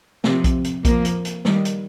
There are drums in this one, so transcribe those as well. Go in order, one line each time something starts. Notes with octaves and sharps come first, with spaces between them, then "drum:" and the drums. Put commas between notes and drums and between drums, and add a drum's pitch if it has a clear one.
C3 F3, drum: snare
drum: kick A#1, hi-hat
drum: hi-hat
F3 A#3, drum: kick A#1, hi-hat
drum: hi-hat
drum: hi-hat
D#3 G3, drum: snare
drum: hi-hat